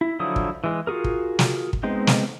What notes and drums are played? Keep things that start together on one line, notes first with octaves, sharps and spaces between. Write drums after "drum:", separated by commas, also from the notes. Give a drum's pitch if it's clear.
E4
D3 F3 F#3 E4 D#6
drum: kick
E3 G#3
F4 F#4 G#4 A#4
drum: kick
drum: snare
drum: kick
G#3 B3 C4 D#4
drum: snare